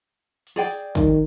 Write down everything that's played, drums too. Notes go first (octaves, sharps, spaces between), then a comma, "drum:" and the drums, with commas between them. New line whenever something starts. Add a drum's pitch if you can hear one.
drum: hi-hat
G#4 D5 G5
drum: hi-hat
D#3, drum: kick, hi-hat